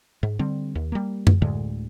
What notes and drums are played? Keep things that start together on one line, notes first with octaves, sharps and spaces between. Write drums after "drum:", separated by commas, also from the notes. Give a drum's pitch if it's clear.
G#2
D3 G3 C4
D#2
G3 A#3
drum: tom F#2
D2 A2 D3 G#3